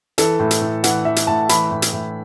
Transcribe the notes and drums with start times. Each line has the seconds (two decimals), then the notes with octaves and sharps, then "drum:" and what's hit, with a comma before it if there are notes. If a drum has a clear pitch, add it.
0.18 E3 A4, drum: hi-hat
0.39 A2
0.51 drum: hi-hat
0.61 A2
0.84 E3 F#5, drum: hi-hat
1.05 E3 E5
1.16 drum: hi-hat
1.27 A2 A5
1.49 E3 B5, drum: hi-hat
1.71 A2
1.82 drum: hi-hat
1.93 A2